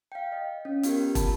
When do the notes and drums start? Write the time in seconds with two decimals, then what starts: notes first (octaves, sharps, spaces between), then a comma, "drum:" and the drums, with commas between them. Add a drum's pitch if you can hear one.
0.12 F5 G5
0.32 D#5
0.65 C#4
0.83 B3 F4 G4 A#4, drum: hi-hat
1.15 A5 B5, drum: kick, hi-hat